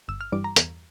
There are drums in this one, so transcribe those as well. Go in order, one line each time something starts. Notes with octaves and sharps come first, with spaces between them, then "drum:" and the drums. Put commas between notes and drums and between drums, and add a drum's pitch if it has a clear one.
G1 E6
F6
G2 E3 G3 D6
A#5
E2, drum: hi-hat